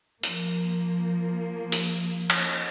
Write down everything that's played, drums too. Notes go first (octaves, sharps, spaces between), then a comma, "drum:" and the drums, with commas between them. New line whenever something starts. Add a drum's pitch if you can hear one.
F3 A#3, drum: hi-hat
drum: hi-hat
drum: cymbal